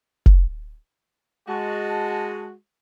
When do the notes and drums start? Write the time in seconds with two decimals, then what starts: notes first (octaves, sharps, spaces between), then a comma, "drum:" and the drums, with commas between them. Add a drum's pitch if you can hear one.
0.26 drum: kick
1.48 G#3 F#4 D#5 A5